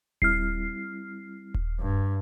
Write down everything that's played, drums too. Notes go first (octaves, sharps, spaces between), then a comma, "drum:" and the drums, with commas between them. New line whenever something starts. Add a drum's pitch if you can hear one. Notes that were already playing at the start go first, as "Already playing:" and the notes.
G3 C4 E4 F6 C7, drum: kick D#1
drum: kick D#1
G2